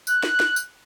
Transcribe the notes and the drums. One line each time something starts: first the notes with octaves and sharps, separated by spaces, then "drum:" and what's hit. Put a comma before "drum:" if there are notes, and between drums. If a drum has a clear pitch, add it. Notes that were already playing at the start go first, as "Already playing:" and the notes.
F#6, drum: tambourine
drum: snare
drum: snare
drum: tambourine